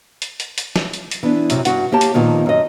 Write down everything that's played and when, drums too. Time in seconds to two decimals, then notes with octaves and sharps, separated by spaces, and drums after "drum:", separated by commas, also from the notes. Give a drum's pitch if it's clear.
0.22 drum: hi-hat
0.40 drum: hi-hat
0.58 drum: hi-hat
0.76 drum: snare
0.94 drum: hi-hat
1.11 drum: hi-hat
1.23 E3 B3 D4
1.50 F#2 C3, drum: hi-hat
1.65 G2 F#4 F#5, drum: hi-hat
1.92 A#3 G4 C#5 A5
2.01 drum: hi-hat
2.14 A#2 D#3 F3 A#3 B3 F4
2.46 F#2 D#5